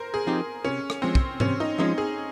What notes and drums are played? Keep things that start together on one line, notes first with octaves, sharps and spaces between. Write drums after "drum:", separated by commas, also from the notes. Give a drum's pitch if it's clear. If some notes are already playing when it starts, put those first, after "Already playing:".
Already playing: A#4 C5
G#4
F3 C4 D#4 G4
C3 C#4
drum: rim click
F3 G#3 C4 C#4
drum: kick
C3 C#4, drum: tom G#2
D#4
F3 G#3 C#4 D#4
G#4